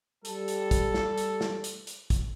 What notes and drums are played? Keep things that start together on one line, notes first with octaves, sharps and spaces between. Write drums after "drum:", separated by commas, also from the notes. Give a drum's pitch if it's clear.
G3 A4, drum: hi-hat
drum: hi-hat
drum: kick, hi-hat
drum: snare
drum: hi-hat
drum: snare
drum: hi-hat
drum: hi-hat
drum: kick, hi-hat